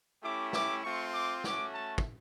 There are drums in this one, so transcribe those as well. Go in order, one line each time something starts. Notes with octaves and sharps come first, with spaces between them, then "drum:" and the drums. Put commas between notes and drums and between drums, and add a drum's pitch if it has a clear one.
A3 C#4 E4 G4 D6
D6, drum: snare
A3 C4 F4 C#6
D6
A3 C#4 F#4 D6, drum: snare
A5
drum: kick